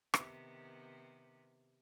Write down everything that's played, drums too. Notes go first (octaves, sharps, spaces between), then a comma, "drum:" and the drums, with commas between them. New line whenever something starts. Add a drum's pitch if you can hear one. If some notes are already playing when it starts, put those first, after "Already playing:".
C3 D#3 B3, drum: rim click